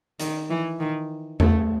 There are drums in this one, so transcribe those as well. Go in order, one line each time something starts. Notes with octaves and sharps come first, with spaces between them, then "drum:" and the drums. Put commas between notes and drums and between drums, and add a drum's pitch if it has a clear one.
D#3, drum: hi-hat
E3
D#3
A3, drum: tom E2